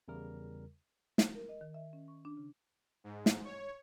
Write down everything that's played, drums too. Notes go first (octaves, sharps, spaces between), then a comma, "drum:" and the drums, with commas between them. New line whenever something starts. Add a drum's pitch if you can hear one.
E2 C#3 G3 A#4
drum: snare
A#4
D#5
D#3
E5
C#4
C#6
D4
C#3
G#2
drum: snare
C#5